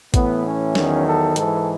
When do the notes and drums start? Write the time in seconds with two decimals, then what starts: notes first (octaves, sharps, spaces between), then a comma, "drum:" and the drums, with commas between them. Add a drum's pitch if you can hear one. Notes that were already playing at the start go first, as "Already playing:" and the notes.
0.14 A2 E3 B3, drum: kick A1, hi-hat
0.45 C#4
0.75 E2 D#3 F#3, drum: snare
1.06 A4
1.36 G#2 E3 A4, drum: hi-hat